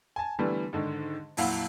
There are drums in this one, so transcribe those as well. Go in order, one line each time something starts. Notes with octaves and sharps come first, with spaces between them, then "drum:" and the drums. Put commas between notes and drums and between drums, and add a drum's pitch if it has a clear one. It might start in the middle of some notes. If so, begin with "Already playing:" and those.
G#5 A5
D3 E3 G3 A3 B3
G#2 D3 D#3
F2 A#2 F#3 E4 F5 F#5, drum: open hi-hat